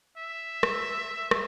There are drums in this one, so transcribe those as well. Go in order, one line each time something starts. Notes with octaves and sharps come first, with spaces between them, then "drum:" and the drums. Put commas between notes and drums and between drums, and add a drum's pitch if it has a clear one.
E5
drum: rim click
drum: rim click